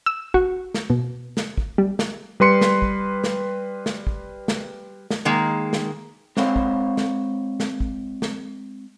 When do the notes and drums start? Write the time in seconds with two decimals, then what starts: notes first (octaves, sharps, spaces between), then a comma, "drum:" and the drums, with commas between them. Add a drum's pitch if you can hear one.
0.06 E6
0.34 F#4, drum: kick
0.74 drum: snare
0.90 B2
1.37 drum: snare
1.58 drum: kick
1.78 G3
1.99 drum: snare
2.40 G3 B4 C6 C#7
2.61 drum: snare
2.82 drum: kick
3.24 drum: snare
3.86 drum: snare
4.07 drum: kick
4.48 drum: snare
5.11 drum: snare
5.25 D#3 G#3 A#3
5.73 drum: snare
6.37 G#3 C4 C5 C#5 F5 F#5, drum: snare
6.56 drum: kick
6.97 drum: snare
7.60 drum: snare
7.80 drum: kick
8.22 drum: snare